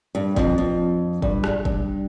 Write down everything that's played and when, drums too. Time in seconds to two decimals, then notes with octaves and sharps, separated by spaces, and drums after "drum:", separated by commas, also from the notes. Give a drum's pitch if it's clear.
0.15 G2
0.36 F2, drum: kick
0.58 F2
1.22 G2, drum: kick
1.44 drum: rim click
1.65 G2, drum: kick